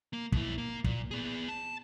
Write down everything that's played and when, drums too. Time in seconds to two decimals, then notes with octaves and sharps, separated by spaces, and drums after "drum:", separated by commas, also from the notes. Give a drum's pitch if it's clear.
0.13 A#3
0.32 B2 E4, drum: kick
0.58 A#3
0.84 A#2, drum: kick
1.11 B3 G#4
1.48 A5